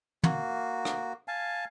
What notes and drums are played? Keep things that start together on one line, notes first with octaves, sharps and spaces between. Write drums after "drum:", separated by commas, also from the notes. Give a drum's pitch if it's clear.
A#3 F#4, drum: tom
drum: rim click
F5 G#5 A5